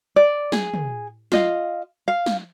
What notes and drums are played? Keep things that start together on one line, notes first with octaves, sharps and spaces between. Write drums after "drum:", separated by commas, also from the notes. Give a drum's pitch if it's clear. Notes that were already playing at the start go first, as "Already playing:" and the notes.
D5
G#4, drum: snare
drum: tom
F4 D#5 F5, drum: snare
F5
drum: snare